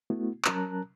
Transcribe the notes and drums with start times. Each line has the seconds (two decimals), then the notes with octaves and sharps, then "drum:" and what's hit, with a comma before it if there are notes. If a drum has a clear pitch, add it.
0.10 A3 B3 E4 F#4
0.45 F#3 C#4 A#4 A5 A#5 F#6, drum: clap